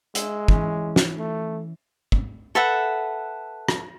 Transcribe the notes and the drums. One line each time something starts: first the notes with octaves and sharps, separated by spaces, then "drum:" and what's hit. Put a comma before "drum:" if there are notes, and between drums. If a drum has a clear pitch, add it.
G#3 E5, drum: hi-hat
E3 C#4, drum: kick
drum: snare
A3
drum: kick
A4 B4 E5 F#5
drum: rim click